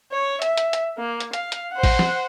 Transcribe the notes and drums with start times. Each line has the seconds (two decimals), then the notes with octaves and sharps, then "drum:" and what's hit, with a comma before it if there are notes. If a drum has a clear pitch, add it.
0.11 C#5
0.42 E5, drum: hi-hat
0.57 drum: hi-hat
0.73 drum: hi-hat
0.97 A#3
1.20 drum: hi-hat
1.33 F5, drum: hi-hat
1.52 drum: hi-hat
1.72 C5 F#5
1.83 drum: kick A1, open hi-hat
1.99 drum: snare